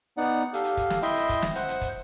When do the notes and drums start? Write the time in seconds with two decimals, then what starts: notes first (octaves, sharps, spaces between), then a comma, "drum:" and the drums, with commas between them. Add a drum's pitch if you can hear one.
0.17 B3 D#4 D5 F#5
0.54 G4 A4 F5, drum: hi-hat
0.64 drum: hi-hat
0.77 drum: kick, hi-hat
0.90 drum: snare
1.02 E4 D#5 E5 G5 C6, drum: hi-hat
1.16 drum: hi-hat
1.29 drum: kick, hi-hat
1.42 drum: snare
1.55 C5 F#5, drum: hi-hat
1.68 drum: hi-hat
1.81 drum: kick, hi-hat